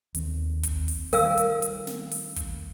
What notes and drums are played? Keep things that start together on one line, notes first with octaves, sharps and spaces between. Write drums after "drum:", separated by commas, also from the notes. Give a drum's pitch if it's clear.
D#2 C4, drum: hi-hat
drum: kick, hi-hat
drum: open hi-hat
D#3 G3 A3 A#4 F5 E6, drum: open hi-hat
drum: hi-hat
drum: hi-hat
drum: snare
drum: open hi-hat
drum: kick, hi-hat